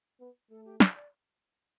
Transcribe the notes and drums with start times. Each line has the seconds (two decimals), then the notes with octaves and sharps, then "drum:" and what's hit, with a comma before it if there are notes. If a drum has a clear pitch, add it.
0.20 B3
0.50 A3 A4
0.65 G4
0.80 D5, drum: snare
0.96 D5